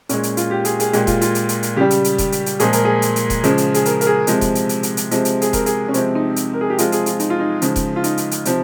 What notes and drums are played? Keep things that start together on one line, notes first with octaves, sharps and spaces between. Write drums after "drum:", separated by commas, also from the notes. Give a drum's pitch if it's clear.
A#2 G#3 C#4, drum: hi-hat
drum: hi-hat
F4, drum: hi-hat
G4
G#4, drum: hi-hat
G#4, drum: hi-hat
A#2 G#3 G4, drum: hi-hat
F4, drum: kick E1, hi-hat
F4, drum: hi-hat
drum: hi-hat
drum: hi-hat
drum: hi-hat
C#3 G3 G4
drum: hi-hat
drum: hi-hat
drum: kick E1, hi-hat
drum: hi-hat
drum: hi-hat
A#2 F3 G#3 G#4, drum: hi-hat
A#4, drum: hi-hat
G#4
drum: hi-hat
drum: hi-hat
drum: kick E1, hi-hat
C#3 F3 G#3, drum: hi-hat
drum: hi-hat
G#4, drum: hi-hat
A#4, drum: hi-hat
A#4, drum: hi-hat
G#4
C3 F3 G#3, drum: hi-hat
drum: kick E1, hi-hat
drum: hi-hat
drum: hi-hat
drum: hi-hat
drum: hi-hat
C3 F3 G#3, drum: hi-hat
drum: hi-hat
G#4, drum: hi-hat
A#4, drum: kick E1, hi-hat
G#4, drum: hi-hat
C#4
C3 F3 G#3 C4, drum: hi-hat
D#4
drum: hi-hat
A#4
G#4
G4
C3 F3 G#3 F4, drum: hi-hat
G#4, drum: hi-hat
F4, drum: hi-hat
D#4, drum: hi-hat
F4
D#4
C#3 F3 G#3, drum: hi-hat
drum: kick E1, hi-hat
F4
D#4, drum: hi-hat
drum: hi-hat
drum: hi-hat
C3 F3, drum: hi-hat